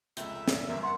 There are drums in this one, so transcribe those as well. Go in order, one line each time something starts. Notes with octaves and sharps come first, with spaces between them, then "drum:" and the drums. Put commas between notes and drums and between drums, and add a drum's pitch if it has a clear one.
F1 C#2 E5, drum: hi-hat
D4 A#4, drum: snare
G1 F#2 A#3
F#5 C6